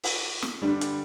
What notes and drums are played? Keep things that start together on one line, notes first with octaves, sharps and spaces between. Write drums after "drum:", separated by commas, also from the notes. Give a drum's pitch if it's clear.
drum: open hi-hat
drum: snare
G2 D3 G3 D4
drum: hi-hat